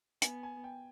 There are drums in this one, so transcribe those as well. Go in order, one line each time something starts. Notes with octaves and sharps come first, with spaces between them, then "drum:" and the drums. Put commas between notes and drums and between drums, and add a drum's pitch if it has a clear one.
B3 G#5, drum: hi-hat
G#5
G5